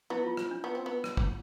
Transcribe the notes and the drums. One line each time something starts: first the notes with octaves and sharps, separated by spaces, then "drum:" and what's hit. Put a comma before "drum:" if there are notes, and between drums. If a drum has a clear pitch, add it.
B3 E4
F4
F4, drum: rim click
D4
B3
C4
B3
drum: rim click
drum: kick